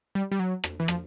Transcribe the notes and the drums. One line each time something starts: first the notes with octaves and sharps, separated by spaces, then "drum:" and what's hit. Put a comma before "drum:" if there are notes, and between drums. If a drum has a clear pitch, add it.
G3
G3
F#3
drum: rim click
E3
F3, drum: rim click